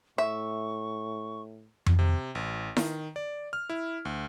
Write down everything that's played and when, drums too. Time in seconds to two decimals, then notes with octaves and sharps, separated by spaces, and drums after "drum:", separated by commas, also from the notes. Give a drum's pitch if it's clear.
0.18 A2 E5 C#6
1.86 drum: tom F2
1.99 C3
2.35 A1
2.77 D#3, drum: snare E4
3.16 D5
3.53 F6
3.70 E4
4.05 D2